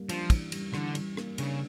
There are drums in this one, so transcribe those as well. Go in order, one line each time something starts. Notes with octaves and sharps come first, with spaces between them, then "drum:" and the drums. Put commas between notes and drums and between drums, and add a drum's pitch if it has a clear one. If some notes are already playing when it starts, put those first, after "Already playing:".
Already playing: G3 A#3
F3 D4, drum: cymbal
E3, drum: kick, cymbal
G3, drum: cymbal
D3 E3, drum: rim click
G3, drum: cymbal
A#3, drum: rim click
C#3 D4, drum: cymbal